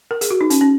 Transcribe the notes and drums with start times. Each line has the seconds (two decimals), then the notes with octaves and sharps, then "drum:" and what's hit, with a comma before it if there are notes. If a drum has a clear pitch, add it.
0.11 A#4
0.21 G#4, drum: hi-hat
0.31 F#4
0.41 D#4
0.50 C#4, drum: hi-hat
0.61 C#4